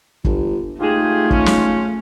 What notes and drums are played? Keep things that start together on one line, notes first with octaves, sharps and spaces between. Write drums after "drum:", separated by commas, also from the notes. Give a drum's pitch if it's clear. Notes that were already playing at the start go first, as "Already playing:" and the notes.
G1, drum: kick
G#2 A3 F4 G4 G#4
C#4, drum: kick
drum: snare